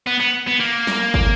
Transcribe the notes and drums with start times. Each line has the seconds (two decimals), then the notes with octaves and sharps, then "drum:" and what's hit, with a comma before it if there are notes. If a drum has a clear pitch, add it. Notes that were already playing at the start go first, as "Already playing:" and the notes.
0.07 B3
0.20 B3
0.47 B3
0.60 A#3
0.87 drum: snare
1.14 drum: kick